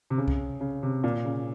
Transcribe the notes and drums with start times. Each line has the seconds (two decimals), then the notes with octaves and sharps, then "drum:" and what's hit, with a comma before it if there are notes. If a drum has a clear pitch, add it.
0.10 C3
0.18 C#3
0.28 drum: kick C2
0.61 C#3
0.83 C3
1.04 A#2
1.25 C#3